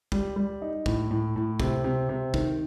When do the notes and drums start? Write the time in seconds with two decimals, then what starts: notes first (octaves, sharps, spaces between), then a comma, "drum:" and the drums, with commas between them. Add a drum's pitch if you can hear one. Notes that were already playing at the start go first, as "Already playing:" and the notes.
0.12 G3, drum: kick
0.36 G3
0.62 D#4
0.86 A2, drum: kick
1.11 A2
1.36 A2
1.60 C3, drum: kick
1.84 C3
2.09 C3
2.34 D#3, drum: kick